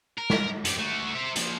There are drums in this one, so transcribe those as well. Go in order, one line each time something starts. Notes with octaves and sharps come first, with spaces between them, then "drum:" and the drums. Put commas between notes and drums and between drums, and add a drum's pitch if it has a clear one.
A#4
drum: snare
F#2 G4, drum: hi-hat
A3 F#4
C5 E5
A#2 F3, drum: hi-hat